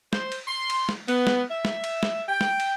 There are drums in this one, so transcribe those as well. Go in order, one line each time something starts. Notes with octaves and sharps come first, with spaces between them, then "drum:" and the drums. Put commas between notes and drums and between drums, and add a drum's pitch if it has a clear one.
C5, drum: snare
drum: cymbal
C6
drum: cymbal
drum: snare
B3, drum: cymbal
drum: snare
E5
drum: snare
drum: cymbal
drum: snare
G5
drum: snare
drum: cymbal